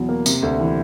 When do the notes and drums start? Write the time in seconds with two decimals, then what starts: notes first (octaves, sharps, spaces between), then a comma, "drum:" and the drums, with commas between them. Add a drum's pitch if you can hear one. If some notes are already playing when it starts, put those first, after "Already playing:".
Already playing: E2 B2 F#3
0.09 A#3
0.26 C3, drum: tambourine
0.43 D2
0.60 E3